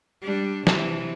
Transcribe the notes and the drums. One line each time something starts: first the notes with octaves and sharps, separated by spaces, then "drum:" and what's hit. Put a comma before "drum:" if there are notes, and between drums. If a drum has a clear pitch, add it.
G3 D4
C3 E3, drum: snare